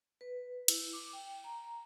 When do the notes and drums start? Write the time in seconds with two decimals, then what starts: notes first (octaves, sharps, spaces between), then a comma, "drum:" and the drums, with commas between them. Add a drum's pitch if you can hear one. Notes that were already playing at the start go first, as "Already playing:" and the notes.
0.21 B4
0.68 E4, drum: cymbal
0.93 D6
1.13 G5
1.44 A#5